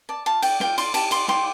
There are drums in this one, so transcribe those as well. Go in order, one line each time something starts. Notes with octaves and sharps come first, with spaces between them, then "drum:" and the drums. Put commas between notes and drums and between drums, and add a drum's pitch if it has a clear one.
D5 A5
F4 A5
D5 G5, drum: cymbal
F4 G5, drum: snare
D5 C6, drum: cymbal
G4 A5, drum: cymbal
D5 C6, drum: cymbal
G4 C6, drum: snare